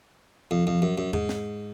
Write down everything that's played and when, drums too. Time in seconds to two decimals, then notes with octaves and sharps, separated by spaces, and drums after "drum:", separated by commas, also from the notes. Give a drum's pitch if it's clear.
0.51 F2
0.67 F2
0.82 F#2
0.98 F#2
1.13 G#2, drum: tom E2
1.29 drum: snare